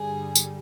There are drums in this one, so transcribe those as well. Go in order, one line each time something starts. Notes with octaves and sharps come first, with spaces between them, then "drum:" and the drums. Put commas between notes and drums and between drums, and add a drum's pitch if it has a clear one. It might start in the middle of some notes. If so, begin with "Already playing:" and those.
Already playing: G2 D3 G3 G#4
drum: tambourine